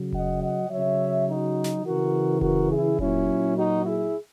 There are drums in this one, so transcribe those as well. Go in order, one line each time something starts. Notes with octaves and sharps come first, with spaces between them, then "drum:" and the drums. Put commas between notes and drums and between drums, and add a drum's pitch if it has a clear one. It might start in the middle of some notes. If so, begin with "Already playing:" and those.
Already playing: C#3 F#3
D#5 F#5, drum: kick F1
D#5 F#5
C#3 F#3 C#5 E5
D#4 F#4
drum: snare
C#3 E3 F#4 A#4
F#4 A#4, drum: kick F1
E4 G#4
A#2 F#3 C#4 E4, drum: kick F1
D#4 F#4
E4 G#4